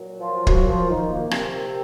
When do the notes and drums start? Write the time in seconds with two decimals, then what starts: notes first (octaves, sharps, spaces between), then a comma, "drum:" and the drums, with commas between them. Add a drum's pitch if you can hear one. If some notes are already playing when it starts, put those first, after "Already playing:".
Already playing: A#2 F#3
0.19 F3 F4
0.47 F#3 F#4, drum: kick
0.68 F3 F4
0.89 D#3 D#4
1.10 A#3
1.31 C3 C4, drum: rim click